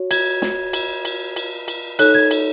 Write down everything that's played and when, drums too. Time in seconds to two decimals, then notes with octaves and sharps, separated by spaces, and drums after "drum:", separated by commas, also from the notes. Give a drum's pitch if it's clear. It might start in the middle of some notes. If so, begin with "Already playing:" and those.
Already playing: F#4 C#5
0.11 G#6, drum: cymbal
0.42 drum: snare
0.73 drum: cymbal
1.05 drum: cymbal
1.36 drum: cymbal
1.68 drum: cymbal
1.99 D#4 A4 C#5 F#6, drum: cymbal
2.15 G#6
2.31 drum: cymbal